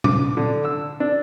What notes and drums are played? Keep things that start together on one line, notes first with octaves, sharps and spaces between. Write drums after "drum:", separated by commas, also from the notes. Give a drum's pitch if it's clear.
D6, drum: tom
D3
E6
D4